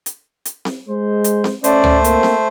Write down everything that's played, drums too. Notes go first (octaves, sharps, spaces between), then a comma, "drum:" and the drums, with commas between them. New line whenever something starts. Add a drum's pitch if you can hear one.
drum: hi-hat
drum: hi-hat
drum: snare C4
G#3 C5
drum: hi-hat
drum: snare C4
A3 C#4 C5 D5, drum: hi-hat
drum: tom C#2
A#3 C4, drum: hi-hat
drum: snare C4